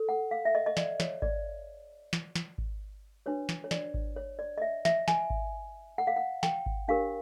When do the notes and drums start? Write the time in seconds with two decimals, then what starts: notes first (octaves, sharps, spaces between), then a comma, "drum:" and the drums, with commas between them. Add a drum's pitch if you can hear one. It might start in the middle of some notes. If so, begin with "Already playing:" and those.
Already playing: A4
0.09 F#5
0.31 F5
0.45 E5
0.55 D#5
0.66 D#5
0.77 D5, drum: snare
1.00 C#5, drum: snare
1.22 D5, drum: kick G#1
2.13 drum: snare
2.35 drum: snare
2.58 drum: kick G#1
3.26 D4 F#4 B4 C#5
3.49 drum: snare
3.64 C#5
3.71 D5, drum: snare
3.94 drum: kick G#1
4.16 C#5
4.39 D5
4.58 D#5
4.62 E5
4.85 E5, drum: snare
5.08 G#5, drum: snare
5.30 drum: kick G#1
5.98 F#5
6.07 F5
6.16 F#5
6.43 G5, drum: snare
6.66 drum: kick G#1
6.88 D4 G4 A#4 C#5 F5